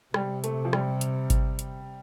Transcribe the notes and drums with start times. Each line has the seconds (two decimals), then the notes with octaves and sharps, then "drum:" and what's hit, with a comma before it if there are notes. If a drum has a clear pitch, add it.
0.14 C3 G3, drum: rim click
0.44 A3, drum: hi-hat
0.65 F3
0.73 G3, drum: rim click
1.01 drum: hi-hat
1.30 drum: kick G#1, hi-hat
1.59 drum: hi-hat